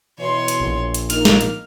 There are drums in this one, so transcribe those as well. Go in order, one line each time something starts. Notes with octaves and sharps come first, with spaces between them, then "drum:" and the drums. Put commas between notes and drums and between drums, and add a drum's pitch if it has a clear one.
B2 E3 C#5 C6
drum: hi-hat
A#1
drum: hi-hat
A#3 D#4 A#4 F6, drum: hi-hat
drum: snare
drum: hi-hat